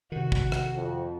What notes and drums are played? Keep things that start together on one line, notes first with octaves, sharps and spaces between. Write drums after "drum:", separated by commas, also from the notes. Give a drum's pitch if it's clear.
C3 D#3 F#4
drum: kick
drum: rim click
F2